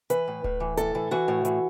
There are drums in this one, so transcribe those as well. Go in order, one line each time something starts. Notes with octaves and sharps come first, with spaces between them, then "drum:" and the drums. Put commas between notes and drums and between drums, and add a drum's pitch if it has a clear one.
E3 B4, drum: hi-hat
A2
A2, drum: kick D1
E3
A2 A4, drum: hi-hat
E3
E3 F#4
A2
E3, drum: hi-hat